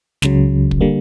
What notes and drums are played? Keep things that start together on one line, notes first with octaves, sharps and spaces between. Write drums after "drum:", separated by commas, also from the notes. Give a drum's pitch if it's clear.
C#2 C#3 F#3, drum: snare
drum: kick
D3 G3 A#3